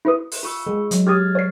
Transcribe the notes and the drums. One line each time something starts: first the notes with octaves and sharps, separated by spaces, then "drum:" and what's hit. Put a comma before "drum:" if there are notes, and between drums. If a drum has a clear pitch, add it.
E4 B4 D#6
drum: open hi-hat
F4 C#6 E6
G#3
F#3, drum: hi-hat
G4 D#6 F6 G#6 A6
C#5 C7